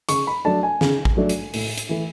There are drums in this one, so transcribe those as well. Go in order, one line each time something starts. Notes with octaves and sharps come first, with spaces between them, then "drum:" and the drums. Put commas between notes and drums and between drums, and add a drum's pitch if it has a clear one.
C#3 C#6, drum: hi-hat
B5
F#3 A3 D4 A5
G#5
C#3, drum: snare
drum: kick
F#3 A3 D4
drum: hi-hat
A2, drum: open hi-hat
drum: hi-hat
E3 A3